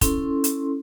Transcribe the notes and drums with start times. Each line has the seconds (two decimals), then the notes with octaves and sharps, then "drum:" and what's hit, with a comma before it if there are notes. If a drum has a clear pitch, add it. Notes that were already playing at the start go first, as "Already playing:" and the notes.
0.01 C#4 E4 A4 C6, drum: kick, hi-hat
0.44 drum: hi-hat